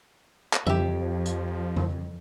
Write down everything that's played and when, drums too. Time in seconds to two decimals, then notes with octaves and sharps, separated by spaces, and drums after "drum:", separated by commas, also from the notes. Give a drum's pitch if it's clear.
0.53 drum: clap
0.67 F2 F3 G4 E5, drum: tom F2
1.26 drum: hi-hat
1.76 drum: tom F2